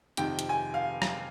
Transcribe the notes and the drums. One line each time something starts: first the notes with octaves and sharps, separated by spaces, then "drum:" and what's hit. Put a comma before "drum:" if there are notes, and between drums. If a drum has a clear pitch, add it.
F2 C3 D#3 G5, drum: hi-hat
drum: hi-hat
G#5
F5
drum: rim click